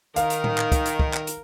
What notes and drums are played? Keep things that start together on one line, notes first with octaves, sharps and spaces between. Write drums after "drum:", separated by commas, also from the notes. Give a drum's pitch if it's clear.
D#3 A#4 F5, drum: hi-hat
drum: hi-hat
drum: tom A2
drum: clap
drum: kick, hi-hat
drum: hi-hat
drum: kick
drum: clap
drum: hi-hat